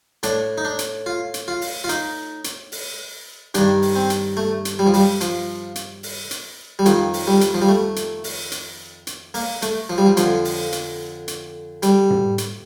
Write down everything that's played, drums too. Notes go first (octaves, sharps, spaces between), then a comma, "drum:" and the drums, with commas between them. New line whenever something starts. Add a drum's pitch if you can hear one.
A2 D4, drum: hi-hat
D#4
D4
drum: hi-hat
F4
drum: hi-hat
F4
drum: open hi-hat
F4
D#4, drum: hi-hat
drum: hi-hat
drum: open hi-hat
G2 D#3 D4, drum: hi-hat
drum: open hi-hat
C4
drum: hi-hat
A3
drum: hi-hat
G3
F3
G3, drum: open hi-hat
F3, drum: hi-hat
drum: hi-hat
drum: open hi-hat
drum: hi-hat
G3
F2 D#3 F3, drum: hi-hat
drum: open hi-hat
G3
drum: hi-hat
F3
G3
A3
drum: hi-hat
drum: open hi-hat
drum: hi-hat
drum: hi-hat
A#3, drum: open hi-hat
A3, drum: hi-hat
F3
G3
F3
F2 D3 F3, drum: hi-hat
drum: open hi-hat
drum: hi-hat
drum: hi-hat
G3, drum: hi-hat
drum: tom
drum: hi-hat